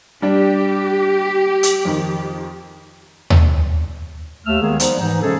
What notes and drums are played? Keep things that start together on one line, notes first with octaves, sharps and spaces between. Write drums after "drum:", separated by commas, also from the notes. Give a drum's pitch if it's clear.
G3 D4 G4
drum: hi-hat
F2 D#3
drum: tom D#2
D#2 A3 E6 F6
D#3 G#3 A#3 B3 G#4
F3 G3 B3 D#4, drum: hi-hat
G#2 E3 D#4
C3 F3 G#3 C#4 G#4 A4